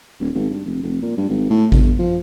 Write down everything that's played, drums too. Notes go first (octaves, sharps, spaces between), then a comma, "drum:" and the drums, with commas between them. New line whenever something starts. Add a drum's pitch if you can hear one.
D#1
G#1
G2
F1
F1
A#2
G2
G#1
A2
G1, drum: kick A1
F3